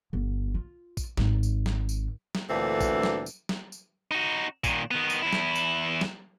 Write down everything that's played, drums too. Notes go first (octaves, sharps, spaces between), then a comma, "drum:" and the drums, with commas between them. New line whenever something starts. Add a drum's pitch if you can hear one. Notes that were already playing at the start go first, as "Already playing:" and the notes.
G1
F4
drum: kick A1, tambourine
G#1, drum: snare
drum: tambourine
drum: snare
drum: tambourine
drum: snare
D2 A#2 E3 C4 D4 A4
drum: kick A1, tambourine
drum: snare
drum: tambourine
drum: snare
drum: tambourine
D#4 F#4
A#2 D#3, drum: kick A1, tambourine
D#3 B3
drum: tambourine
E2 E4
drum: snare
drum: tambourine
drum: snare